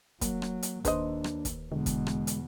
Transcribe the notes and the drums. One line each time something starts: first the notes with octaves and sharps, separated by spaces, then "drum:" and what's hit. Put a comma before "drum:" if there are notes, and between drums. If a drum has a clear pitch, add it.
F#3 A#3, drum: kick, hi-hat
drum: rim click
drum: hi-hat
D#2 D4 B4 C5 D#5, drum: kick, hi-hat
drum: rim click
drum: kick, hi-hat
E2 B2 D3 G#3
drum: kick, hi-hat
drum: rim click
drum: hi-hat